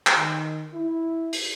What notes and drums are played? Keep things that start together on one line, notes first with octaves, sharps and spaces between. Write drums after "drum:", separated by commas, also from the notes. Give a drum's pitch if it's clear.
drum: clap
D#3
E4
drum: open hi-hat